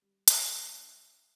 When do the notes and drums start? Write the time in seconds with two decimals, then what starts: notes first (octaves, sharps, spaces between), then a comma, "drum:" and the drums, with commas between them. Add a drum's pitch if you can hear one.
0.02 G3
0.28 G#2, drum: hi-hat
0.69 D4
0.84 E5